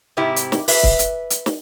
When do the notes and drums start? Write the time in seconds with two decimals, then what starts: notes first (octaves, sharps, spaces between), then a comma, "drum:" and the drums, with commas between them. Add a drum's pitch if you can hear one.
0.17 G#2 C3 C4 E4 G4
0.36 drum: hi-hat
0.52 drum: snare
0.68 B4 E5, drum: open hi-hat
0.83 drum: kick
0.99 drum: hi-hat
1.30 drum: hi-hat
1.46 drum: snare